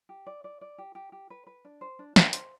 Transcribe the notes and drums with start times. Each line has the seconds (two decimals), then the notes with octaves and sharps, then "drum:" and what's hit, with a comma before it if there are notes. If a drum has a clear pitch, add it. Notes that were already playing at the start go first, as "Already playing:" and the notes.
0.09 G4
0.27 D5
0.44 D5
0.61 D5
0.78 G4
0.95 G4
1.12 G4
1.30 B4
1.47 B4
1.65 D4
1.81 C5
1.99 D4
2.16 D4, drum: snare
2.33 C5, drum: hi-hat